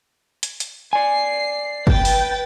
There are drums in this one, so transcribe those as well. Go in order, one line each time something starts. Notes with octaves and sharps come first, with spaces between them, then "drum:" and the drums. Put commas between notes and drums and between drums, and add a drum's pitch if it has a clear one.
drum: hi-hat
drum: hi-hat
D5 G#5 C7
B4 G5 A6, drum: kick
drum: open hi-hat